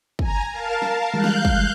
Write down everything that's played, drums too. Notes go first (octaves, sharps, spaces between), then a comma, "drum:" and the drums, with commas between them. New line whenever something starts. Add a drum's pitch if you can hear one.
G#5 A#5, drum: kick
A#4 F5 A5
drum: snare
E3 G3 G#3 F5 F#6 G6
drum: snare
drum: kick